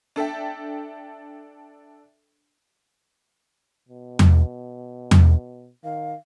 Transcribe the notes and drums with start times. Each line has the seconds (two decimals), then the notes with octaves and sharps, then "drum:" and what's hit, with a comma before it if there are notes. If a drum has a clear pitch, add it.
0.16 D4 A4 E5 G5
3.89 B2
4.19 drum: tom E2
5.11 drum: tom E2
5.84 D#3 F5